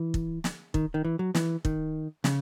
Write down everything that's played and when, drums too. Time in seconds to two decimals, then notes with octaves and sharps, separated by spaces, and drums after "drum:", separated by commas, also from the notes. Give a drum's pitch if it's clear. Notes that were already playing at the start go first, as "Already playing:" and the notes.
Already playing: E3
0.14 drum: kick
0.44 drum: snare
0.74 D#3, drum: kick
0.94 D#3
1.05 E3
1.19 F#3
1.35 E3, drum: snare
1.65 D#3, drum: kick
2.24 C#3, drum: snare